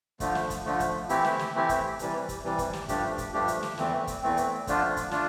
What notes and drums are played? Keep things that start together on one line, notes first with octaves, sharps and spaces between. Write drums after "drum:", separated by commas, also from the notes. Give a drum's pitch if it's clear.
D3 F3 A3, drum: kick, hi-hat
drum: snare
drum: kick, hi-hat
D3 F3 A3
drum: kick, hi-hat
E3 A3 C4 E4 G4, drum: hi-hat
drum: snare
drum: snare
E3 A3 C4 E4 G4
drum: kick, hi-hat
C3 E3 G3, drum: hi-hat
drum: kick, hi-hat
C3 E3 G3
drum: kick, hi-hat
drum: snare
G2 F3 A3 D4 G4, drum: kick, hi-hat
drum: kick, hi-hat
G2 F3 A3 D4 G4
drum: hi-hat
drum: snare
E2 E3 A3 C4, drum: snare
drum: kick, hi-hat
E2 E3 A3 C4
drum: hi-hat
D3 F3 A3 D4 F4, drum: kick, hi-hat
drum: kick, hi-hat
A3 D4 F4, drum: snare